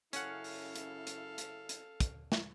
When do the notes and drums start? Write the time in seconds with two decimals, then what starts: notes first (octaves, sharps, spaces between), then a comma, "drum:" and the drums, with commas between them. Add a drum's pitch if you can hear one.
0.13 F#2 C#3 C#4 E4 A4 F5 F#5, drum: hi-hat
0.44 drum: open hi-hat
0.76 drum: hi-hat
1.07 drum: hi-hat
1.38 drum: hi-hat
1.69 drum: hi-hat
2.00 drum: kick, hi-hat
2.32 drum: snare